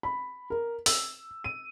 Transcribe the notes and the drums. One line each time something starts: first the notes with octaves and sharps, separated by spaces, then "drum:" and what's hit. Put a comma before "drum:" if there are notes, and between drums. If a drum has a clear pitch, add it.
B5
A#4
E6, drum: open hi-hat
D#7